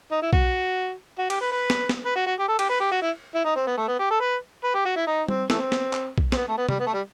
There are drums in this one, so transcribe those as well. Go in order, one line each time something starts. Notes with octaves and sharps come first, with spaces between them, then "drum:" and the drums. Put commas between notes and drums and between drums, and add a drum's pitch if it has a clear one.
D#4
E4
F#4, drum: kick B1
F#4
G4, drum: cymbal
B4
B4
drum: snare
drum: snare
B4
F#4
F#4
G4
A4
G4, drum: cymbal
B4
G4
F#4
E4
E4
D#4
C4
B3
A3
B3
G4
A4
B4
B4
G4
F#4
E4
D#4
C4, drum: tom G3
E3 A3 C4, drum: snare
drum: snare
drum: clap
drum: kick B1
C4, drum: snare
B3
A3
B3
G3, drum: tom
B3
A3
G3